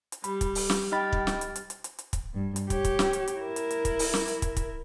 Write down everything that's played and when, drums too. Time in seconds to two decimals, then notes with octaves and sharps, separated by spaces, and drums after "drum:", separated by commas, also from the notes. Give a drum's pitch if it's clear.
0.12 drum: hi-hat
0.24 G3 B5, drum: hi-hat
0.41 drum: kick, hi-hat
0.55 drum: open hi-hat
0.70 drum: snare
0.92 D#4 D#5 G5 B5 F6 A6
1.13 drum: kick
1.27 drum: snare
1.41 drum: hi-hat
1.56 drum: hi-hat
1.70 drum: hi-hat
1.84 drum: hi-hat
1.99 drum: hi-hat
2.13 drum: kick, hi-hat
2.34 G2
2.56 drum: hi-hat
2.70 G4 C#5, drum: kick, hi-hat
2.85 drum: kick, hi-hat
2.99 drum: snare
3.13 drum: hi-hat
3.28 drum: hi-hat
3.39 E4 A#4
3.56 drum: hi-hat
3.71 drum: hi-hat
3.85 drum: kick, hi-hat
3.99 drum: open hi-hat
4.14 drum: snare
4.28 drum: hi-hat
4.42 drum: kick, hi-hat
4.57 drum: kick, hi-hat